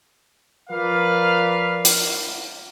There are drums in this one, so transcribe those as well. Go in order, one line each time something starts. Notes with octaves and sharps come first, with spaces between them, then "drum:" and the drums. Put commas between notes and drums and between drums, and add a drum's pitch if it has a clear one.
F3 A#4 B4 D5 F5
drum: hi-hat